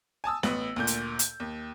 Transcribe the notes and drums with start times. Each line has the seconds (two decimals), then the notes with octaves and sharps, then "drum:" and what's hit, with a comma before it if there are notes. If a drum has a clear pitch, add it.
0.24 G#5 A5 D#6 E6
0.43 A1 B3 F#7, drum: snare
0.76 D2 A#2 G6
0.87 drum: hi-hat
1.19 drum: hi-hat
1.40 D#2